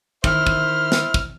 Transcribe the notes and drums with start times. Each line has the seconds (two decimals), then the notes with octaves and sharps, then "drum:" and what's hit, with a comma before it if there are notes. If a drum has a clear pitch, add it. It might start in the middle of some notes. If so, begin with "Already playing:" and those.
0.24 D#3 E4 C5 E5 F6, drum: kick
0.47 drum: kick
0.92 drum: snare
1.14 drum: kick